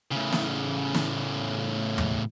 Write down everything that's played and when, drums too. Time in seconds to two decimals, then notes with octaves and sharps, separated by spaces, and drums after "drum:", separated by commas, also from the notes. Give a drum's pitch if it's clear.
0.12 A2 C#3
0.32 drum: snare
0.94 drum: snare
1.98 drum: tom